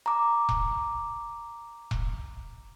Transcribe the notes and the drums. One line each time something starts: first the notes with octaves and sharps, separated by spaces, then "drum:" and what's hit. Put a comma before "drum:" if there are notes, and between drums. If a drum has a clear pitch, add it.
A#5 D6
drum: kick E1
drum: kick E1